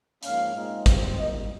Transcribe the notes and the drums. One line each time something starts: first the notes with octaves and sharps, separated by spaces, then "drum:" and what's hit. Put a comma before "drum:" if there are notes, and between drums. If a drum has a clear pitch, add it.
G#2 F3 A#3 C#4 F5, drum: hi-hat
A#2 G#3 C4 D#4
G#2 G3 C4, drum: kick, hi-hat
G#2 G3 A#3 D#5